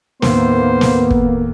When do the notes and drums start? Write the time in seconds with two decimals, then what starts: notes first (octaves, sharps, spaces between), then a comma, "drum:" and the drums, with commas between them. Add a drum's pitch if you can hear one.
0.22 D#2 A2 A#3 B3 C5, drum: snare
0.81 drum: snare
1.10 drum: kick